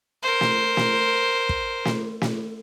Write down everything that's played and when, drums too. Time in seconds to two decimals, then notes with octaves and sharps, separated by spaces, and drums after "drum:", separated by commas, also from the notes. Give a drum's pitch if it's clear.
0.23 A#4 C5
0.41 drum: snare
0.77 drum: snare
1.49 drum: kick
1.85 drum: snare
2.21 drum: snare